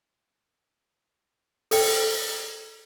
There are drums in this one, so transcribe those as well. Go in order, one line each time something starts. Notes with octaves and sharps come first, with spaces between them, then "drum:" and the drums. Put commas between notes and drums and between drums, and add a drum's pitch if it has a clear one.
A4 G5, drum: open hi-hat